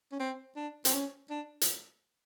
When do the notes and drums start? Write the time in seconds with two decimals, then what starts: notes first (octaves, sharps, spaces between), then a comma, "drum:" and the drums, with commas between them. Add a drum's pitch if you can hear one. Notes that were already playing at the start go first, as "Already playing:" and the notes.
0.12 C#4
0.19 C4
0.56 D4
0.85 C4, drum: hi-hat
0.93 C#4
1.30 D4
1.61 drum: hi-hat